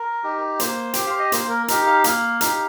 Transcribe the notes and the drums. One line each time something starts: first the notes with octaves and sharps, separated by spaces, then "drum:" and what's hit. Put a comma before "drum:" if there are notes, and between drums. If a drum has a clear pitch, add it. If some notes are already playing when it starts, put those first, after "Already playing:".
Already playing: A#4
D#4 G4
A#3 C5, drum: hi-hat
G4 G5, drum: hi-hat
F5
D#5
A#3 C5, drum: hi-hat
A#4
D#4 G4 A#4, drum: hi-hat
F5
A#3 F5, drum: hi-hat
D#4 G4, drum: hi-hat